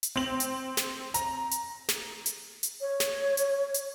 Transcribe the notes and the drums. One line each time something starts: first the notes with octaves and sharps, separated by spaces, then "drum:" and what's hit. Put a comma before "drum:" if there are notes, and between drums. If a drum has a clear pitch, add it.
drum: hi-hat
C4 F#7
drum: hi-hat
drum: snare
A#5, drum: hi-hat
drum: hi-hat
drum: snare
drum: hi-hat
drum: hi-hat
C#5
drum: snare
drum: hi-hat
drum: hi-hat